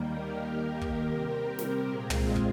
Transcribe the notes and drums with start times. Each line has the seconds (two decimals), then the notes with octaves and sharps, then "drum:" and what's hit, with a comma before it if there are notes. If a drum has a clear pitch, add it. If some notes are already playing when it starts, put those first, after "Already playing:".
Already playing: D#2 D#3 G3 A#3 G4 A#4
0.30 D#2 D#3 A#3
0.81 drum: kick
1.07 C3 G3 C4
1.59 drum: snare
1.84 A#2 G#3 C4 F4 G#4
2.10 drum: tom
2.36 drum: kick